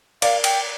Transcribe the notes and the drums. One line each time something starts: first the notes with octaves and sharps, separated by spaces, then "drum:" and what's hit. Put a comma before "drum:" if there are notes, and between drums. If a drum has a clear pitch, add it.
A#4 D5 F5, drum: cymbal
G5, drum: cymbal